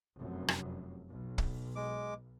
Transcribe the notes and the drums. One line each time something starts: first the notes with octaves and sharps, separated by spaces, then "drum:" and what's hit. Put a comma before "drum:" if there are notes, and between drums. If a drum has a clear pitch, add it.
F1 F#2
drum: rim click
B1
drum: kick
G#3 D6